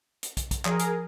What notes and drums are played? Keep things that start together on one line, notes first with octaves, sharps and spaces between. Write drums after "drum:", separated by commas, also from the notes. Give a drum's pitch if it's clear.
drum: hi-hat
drum: kick, hi-hat
drum: kick, hi-hat
F3 G#4 A#4, drum: clap
drum: hi-hat